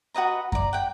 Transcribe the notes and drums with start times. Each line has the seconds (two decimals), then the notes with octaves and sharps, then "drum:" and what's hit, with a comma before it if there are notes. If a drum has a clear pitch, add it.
0.14 F#4 B4 D#5 A#5
0.52 D5 A#5, drum: kick F#2
0.73 F#5 G5